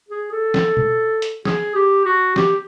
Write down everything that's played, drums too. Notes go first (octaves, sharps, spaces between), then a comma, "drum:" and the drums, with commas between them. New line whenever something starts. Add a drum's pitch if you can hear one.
G#4
A4
drum: snare
drum: tom B2
drum: hi-hat
G#4, drum: snare
G4
F#4
G4, drum: snare